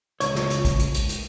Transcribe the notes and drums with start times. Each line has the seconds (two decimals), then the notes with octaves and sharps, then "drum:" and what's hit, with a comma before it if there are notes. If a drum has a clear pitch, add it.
0.20 C#2 C#5, drum: hi-hat
0.35 drum: snare
0.50 drum: hi-hat
0.65 drum: kick, hi-hat
0.79 drum: hi-hat
0.94 drum: hi-hat
1.09 drum: hi-hat